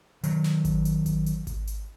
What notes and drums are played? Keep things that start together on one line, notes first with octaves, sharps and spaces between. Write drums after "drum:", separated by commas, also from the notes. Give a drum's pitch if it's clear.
D#3 F#3, drum: hi-hat
drum: snare
drum: kick G#1, hi-hat
drum: hi-hat
drum: kick G#1, hi-hat
drum: hi-hat
drum: kick G#1, hi-hat
drum: hi-hat